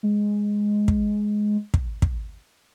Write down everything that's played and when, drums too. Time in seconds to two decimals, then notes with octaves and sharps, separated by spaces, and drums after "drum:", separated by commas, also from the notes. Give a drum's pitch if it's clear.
0.03 G#3
0.88 drum: kick
1.74 drum: kick
2.02 drum: kick